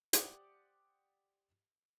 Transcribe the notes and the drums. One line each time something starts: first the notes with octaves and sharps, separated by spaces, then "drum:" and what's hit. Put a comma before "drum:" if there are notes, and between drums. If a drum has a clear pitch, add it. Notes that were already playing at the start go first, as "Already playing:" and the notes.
G4 C5 D5 F#5 D6 D#6, drum: hi-hat